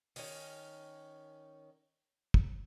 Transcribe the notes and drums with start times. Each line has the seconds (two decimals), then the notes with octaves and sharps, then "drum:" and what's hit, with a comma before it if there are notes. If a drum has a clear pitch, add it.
0.16 D#3 C#4, drum: open hi-hat
2.34 drum: kick